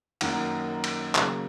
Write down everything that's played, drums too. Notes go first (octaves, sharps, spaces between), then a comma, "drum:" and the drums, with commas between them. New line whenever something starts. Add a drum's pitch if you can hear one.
F#2 D#3 A#3 F#5, drum: cymbal
drum: cymbal
C#3 F#3 A#3, drum: clap